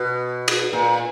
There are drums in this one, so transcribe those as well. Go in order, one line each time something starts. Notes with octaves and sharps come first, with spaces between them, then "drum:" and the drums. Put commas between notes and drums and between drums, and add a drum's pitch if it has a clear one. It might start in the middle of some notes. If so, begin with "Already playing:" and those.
Already playing: B2
drum: cymbal
A#2